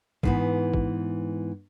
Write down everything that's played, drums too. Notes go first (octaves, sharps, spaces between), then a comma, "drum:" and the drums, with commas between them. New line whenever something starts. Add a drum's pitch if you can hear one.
G#2 E3 B3, drum: kick
drum: kick